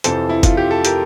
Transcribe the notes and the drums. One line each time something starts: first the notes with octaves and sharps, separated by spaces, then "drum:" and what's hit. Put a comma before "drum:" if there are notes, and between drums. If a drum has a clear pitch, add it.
F2 C3 E3 A4 C5, drum: hi-hat
E4
F4, drum: kick, hi-hat
G4
A4
G4 A#4, drum: hi-hat